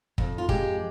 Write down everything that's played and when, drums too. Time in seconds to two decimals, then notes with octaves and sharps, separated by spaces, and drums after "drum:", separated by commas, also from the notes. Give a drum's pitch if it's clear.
0.18 F2, drum: kick
0.38 F4
0.49 G#3 G4, drum: kick